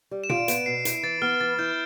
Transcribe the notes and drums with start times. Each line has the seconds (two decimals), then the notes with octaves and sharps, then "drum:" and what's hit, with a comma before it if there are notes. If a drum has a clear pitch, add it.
0.11 G3
0.24 E7
0.29 F4 D7, drum: tom
0.48 B3 D7, drum: hi-hat
0.66 B2 C7
0.85 E4, drum: hi-hat
1.03 E3 A6
1.22 B3 F6
1.40 E3 A6
1.59 E4 G6